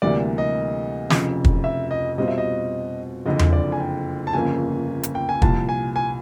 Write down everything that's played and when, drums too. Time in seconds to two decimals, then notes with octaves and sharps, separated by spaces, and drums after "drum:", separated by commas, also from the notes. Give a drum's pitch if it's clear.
0.02 D2 C3 E3 G3 A#3 D5
0.38 D#5
1.10 F1 F2 C#3, drum: snare
1.44 drum: kick
1.64 E5
1.91 D#5
2.18 B2 G3 C4 F4 D#5
2.28 E5
2.38 D#5
3.26 F#1 F2 D3 D#5
3.39 drum: tom E2
3.53 D5
3.72 G#5
3.80 G5
4.27 A5
4.33 G1 F2 C#3 F3 A#3 G#5
5.03 drum: hi-hat
5.15 G5
5.29 G#5
5.42 C2 A#2 F3 A5, drum: kick
5.69 G#5
5.96 G#5